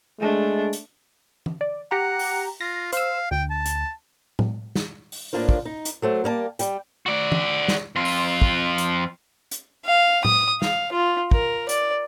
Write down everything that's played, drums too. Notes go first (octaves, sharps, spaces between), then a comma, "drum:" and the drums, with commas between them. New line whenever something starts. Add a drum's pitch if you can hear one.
G#3 A3 D4
drum: hi-hat
drum: tom E3
D5
G4 F#5 A#5
drum: open hi-hat
F4 A#6
C5 F5 E6, drum: hi-hat
D2 G5
A5
drum: hi-hat
drum: tom A2
drum: snare
drum: open hi-hat
A2 A#3 D4 F4 C5
drum: kick
D#4
drum: hi-hat
F#3 A3 C5
G3 A#3 D#5 A5
G3 G5, drum: hi-hat
F#4 D5
drum: tom E3
drum: snare
F2 F4
drum: open hi-hat
drum: kick
drum: hi-hat
drum: hi-hat
F5
D#6, drum: tom A2
F5, drum: snare
F4
A#4, drum: kick
D5, drum: hi-hat